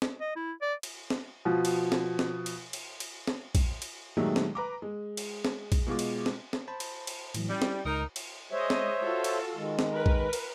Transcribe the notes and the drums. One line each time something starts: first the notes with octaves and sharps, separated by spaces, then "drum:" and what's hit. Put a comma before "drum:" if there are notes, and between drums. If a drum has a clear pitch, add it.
drum: snare
D#5
E4
D5
drum: cymbal
drum: snare
B2 F3
drum: cymbal
drum: snare
drum: snare
drum: cymbal
drum: cymbal
drum: cymbal
drum: snare
drum: kick A#1, cymbal
drum: cymbal
A#2 D#3 F#3 G#3 A3 G4
drum: snare
B4 A#5 D6
G#3
drum: cymbal
drum: snare
drum: kick A#1, cymbal
B2 G#3 F4 D6
drum: cymbal
drum: snare
drum: snare
C5 A5 B5
drum: cymbal
drum: cymbal
A2 E3 F#3, drum: cymbal
G3 C#4 E4 G5
drum: snare
C#2 D#4 A#4
drum: cymbal
G#3 C5 C#5 D#5 E5
drum: snare
F4 F#4 A4
drum: cymbal
D#3 G#3
drum: snare
A#4 B4
drum: kick A#1
drum: cymbal